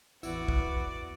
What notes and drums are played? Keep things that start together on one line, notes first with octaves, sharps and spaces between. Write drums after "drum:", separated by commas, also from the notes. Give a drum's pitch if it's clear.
A1 E2 B3 E4 F#4 D5, drum: tambourine
drum: kick